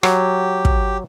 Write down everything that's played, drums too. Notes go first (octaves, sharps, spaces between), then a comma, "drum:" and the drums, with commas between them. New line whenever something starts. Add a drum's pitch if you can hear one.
F#3 G4, drum: rim click
drum: kick